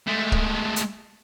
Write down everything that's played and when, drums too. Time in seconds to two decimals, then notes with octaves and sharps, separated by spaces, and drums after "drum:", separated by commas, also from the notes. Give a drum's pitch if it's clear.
0.07 G#3 A3
0.32 drum: kick C#1
0.76 drum: hi-hat